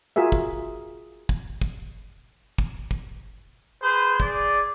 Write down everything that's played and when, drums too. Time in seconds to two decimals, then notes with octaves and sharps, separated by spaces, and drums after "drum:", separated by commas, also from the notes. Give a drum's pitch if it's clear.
0.16 F4 F#4 G#4 A#4 E5
0.32 drum: kick
1.29 drum: kick
1.61 drum: kick
2.58 drum: kick
2.91 drum: kick
3.81 G#4 B4 C5
4.20 G#4 D5, drum: kick